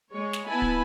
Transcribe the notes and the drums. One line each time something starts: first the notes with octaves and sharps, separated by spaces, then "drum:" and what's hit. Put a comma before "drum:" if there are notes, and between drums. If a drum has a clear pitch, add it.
G#3 C#5
drum: snare
B3 E4 G#5 A5 B5
drum: kick